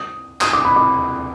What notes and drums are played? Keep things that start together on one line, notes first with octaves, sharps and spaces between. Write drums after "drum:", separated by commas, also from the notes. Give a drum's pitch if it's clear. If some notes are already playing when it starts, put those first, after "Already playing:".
Already playing: D#6
D#6, drum: clap
D6
B5
D6